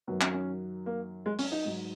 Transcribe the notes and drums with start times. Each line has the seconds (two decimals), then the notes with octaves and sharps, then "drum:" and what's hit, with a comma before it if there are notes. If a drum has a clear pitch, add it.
0.07 F#2 D#3 F#3 B3
0.21 C#4, drum: clap
0.34 C#4
0.86 A#3
1.26 G#3
1.39 C#4, drum: open hi-hat
1.52 D#4
1.65 G#2 F#3